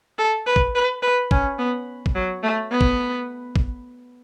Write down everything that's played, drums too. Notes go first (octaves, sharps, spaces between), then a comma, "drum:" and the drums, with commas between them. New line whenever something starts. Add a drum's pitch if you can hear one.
A4
B4
drum: kick
B4
B4
C#4, drum: kick
B3
drum: kick
F#3
A3
B3
drum: kick
drum: kick